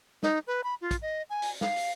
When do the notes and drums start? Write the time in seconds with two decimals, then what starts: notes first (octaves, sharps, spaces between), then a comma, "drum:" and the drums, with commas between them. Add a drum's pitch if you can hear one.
0.23 D#4, drum: snare
0.47 B4
0.64 B5
0.81 F4
0.91 drum: kick, hi-hat
1.02 D#5
1.30 G#5
1.42 drum: open hi-hat
1.61 F5, drum: snare
1.76 drum: open hi-hat